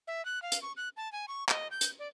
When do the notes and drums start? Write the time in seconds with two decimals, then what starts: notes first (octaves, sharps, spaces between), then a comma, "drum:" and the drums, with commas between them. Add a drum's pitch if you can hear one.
0.07 E5
0.25 F#6
0.42 F5
0.52 drum: hi-hat
0.62 C#6
0.77 F#6
0.97 A5
1.13 G#5
1.28 C#6
1.49 D#5, drum: clap
1.71 G6
1.81 drum: hi-hat
1.99 D5